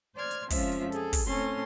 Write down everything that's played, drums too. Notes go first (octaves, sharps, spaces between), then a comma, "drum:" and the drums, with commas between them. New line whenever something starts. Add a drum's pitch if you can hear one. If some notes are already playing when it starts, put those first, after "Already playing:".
C5 D5 C6 F6 G#6
drum: hi-hat
F2 F3 G#3 C#4 F4 E5, drum: kick, open hi-hat
drum: hi-hat
G#4 A4, drum: hi-hat
drum: kick, open hi-hat
A2 C4 C#4 A4 C6